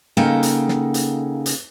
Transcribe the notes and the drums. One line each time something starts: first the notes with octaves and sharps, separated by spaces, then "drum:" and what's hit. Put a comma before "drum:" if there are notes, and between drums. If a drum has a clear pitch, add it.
C#3 A#3 D#4 A4 F#5 G5
drum: hi-hat
drum: snare
drum: hi-hat
drum: hi-hat